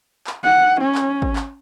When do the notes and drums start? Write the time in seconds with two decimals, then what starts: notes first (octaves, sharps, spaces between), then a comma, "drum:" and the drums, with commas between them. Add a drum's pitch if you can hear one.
0.27 drum: clap
0.44 F#5
0.81 C#4
0.95 drum: clap
1.22 drum: kick G#1
1.36 drum: clap